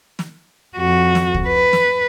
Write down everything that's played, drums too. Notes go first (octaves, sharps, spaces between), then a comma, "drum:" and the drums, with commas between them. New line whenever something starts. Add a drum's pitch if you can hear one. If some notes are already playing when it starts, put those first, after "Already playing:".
drum: snare
F2 F#4
drum: snare
drum: kick
B4
drum: snare